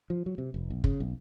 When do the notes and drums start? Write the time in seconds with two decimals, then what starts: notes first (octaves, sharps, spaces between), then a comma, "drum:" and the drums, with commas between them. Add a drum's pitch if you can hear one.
0.10 F3
0.26 F#3
0.38 C3
0.54 F1
0.70 B1
0.84 C#3, drum: kick
1.00 B1